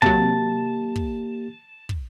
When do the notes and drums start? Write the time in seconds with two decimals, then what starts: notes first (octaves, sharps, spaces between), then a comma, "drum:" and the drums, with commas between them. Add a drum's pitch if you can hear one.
0.02 C3 F#3 A#3 G4 A5, drum: kick
0.96 drum: kick
1.89 drum: kick